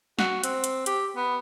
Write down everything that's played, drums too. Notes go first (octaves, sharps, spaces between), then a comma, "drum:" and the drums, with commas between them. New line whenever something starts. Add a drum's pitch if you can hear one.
F#4, drum: snare
C4, drum: hi-hat
drum: hi-hat
G4, drum: hi-hat
B3